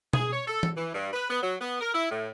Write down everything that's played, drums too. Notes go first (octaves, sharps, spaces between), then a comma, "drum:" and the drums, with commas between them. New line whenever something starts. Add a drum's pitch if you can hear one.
G#4, drum: tom B2
C#5
A4
drum: tom E3
E3
G2
B4
B3
F#3
B3
A#4
E4
A2